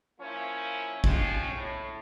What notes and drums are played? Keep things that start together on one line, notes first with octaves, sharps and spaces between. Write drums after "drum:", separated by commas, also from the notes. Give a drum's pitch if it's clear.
F3 A#3 C#4 E4 C#5
F3 G3 G#3 C#4 F4, drum: kick
A2